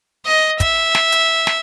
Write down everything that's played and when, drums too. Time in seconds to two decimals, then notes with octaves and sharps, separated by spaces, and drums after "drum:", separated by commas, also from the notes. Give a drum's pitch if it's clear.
0.25 D#5
0.60 E5, drum: kick, hi-hat
0.95 drum: snare
1.12 drum: hi-hat
1.47 drum: snare